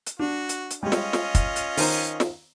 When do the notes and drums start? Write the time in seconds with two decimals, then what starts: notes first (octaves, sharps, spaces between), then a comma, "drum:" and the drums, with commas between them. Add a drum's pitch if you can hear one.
0.07 drum: hi-hat
0.19 D4 F#4
0.49 drum: hi-hat
0.71 drum: hi-hat
0.83 G3 G#3 C#4 F4 D#5
0.92 drum: snare
1.13 drum: snare
1.35 drum: kick, hi-hat
1.56 drum: hi-hat
1.77 D#3 C5 A#5, drum: open hi-hat
2.20 drum: snare